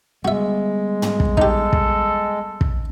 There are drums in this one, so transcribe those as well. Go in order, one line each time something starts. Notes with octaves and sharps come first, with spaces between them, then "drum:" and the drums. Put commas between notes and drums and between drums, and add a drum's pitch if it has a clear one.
G3 G#3 B3 F#4 E5
drum: tom
drum: kick
D#4 G4 A4, drum: kick
drum: kick
drum: kick